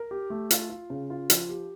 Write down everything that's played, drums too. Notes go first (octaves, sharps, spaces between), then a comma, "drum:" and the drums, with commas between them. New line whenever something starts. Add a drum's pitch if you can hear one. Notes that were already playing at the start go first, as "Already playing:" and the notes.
Already playing: A#4
G4
A3
F4, drum: hi-hat
F4
C#3
F4
F3, drum: hi-hat
G4